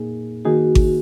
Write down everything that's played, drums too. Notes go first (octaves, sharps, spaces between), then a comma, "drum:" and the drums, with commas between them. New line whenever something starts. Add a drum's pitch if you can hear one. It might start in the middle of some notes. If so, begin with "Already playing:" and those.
Already playing: A#2 A#3 D#4 G#4
D#3 A#3 D#4 F#4 G#4
drum: kick G#1